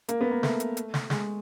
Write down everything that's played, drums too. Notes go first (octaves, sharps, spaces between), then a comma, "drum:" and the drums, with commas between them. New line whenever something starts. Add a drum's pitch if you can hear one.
A#3, drum: hi-hat
B3
A#3
A3, drum: snare
drum: hi-hat
drum: hi-hat
drum: snare
G#3, drum: snare